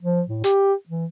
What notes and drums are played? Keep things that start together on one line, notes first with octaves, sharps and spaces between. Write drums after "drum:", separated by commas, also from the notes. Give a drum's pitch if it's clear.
F3
A2
G4, drum: hi-hat
E3